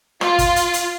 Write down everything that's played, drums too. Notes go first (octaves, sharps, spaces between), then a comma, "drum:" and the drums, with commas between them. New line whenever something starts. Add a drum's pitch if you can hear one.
F4, drum: rim click
drum: kick, hi-hat
drum: hi-hat
drum: hi-hat